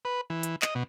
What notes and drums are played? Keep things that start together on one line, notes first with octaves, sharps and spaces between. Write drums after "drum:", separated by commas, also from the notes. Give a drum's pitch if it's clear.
B4
E3
drum: hi-hat
D#5, drum: clap
B2